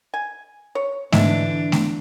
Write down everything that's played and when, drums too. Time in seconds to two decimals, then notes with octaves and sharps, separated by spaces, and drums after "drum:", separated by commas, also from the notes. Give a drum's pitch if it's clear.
0.14 G#5
0.75 C#5
1.12 G#2 D3 E3 D4 E5, drum: snare A3
1.72 drum: snare A3